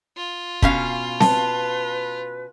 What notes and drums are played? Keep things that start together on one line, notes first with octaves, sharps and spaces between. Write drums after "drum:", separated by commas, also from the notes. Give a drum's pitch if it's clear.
F4
B2 C#4 F5, drum: kick
B4 A5, drum: snare C4